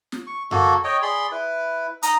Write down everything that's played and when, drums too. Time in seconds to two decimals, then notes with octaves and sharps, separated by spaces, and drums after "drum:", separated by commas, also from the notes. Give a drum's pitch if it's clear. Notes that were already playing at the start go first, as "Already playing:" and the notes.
0.12 drum: snare
0.27 C#6
0.51 A#3 F#4 A4, drum: tom F#2
0.84 C#5 D#5 G5
1.02 G#4 D5 B5 C6
1.31 E4 B4
2.03 D#4 A#5 D#6, drum: hi-hat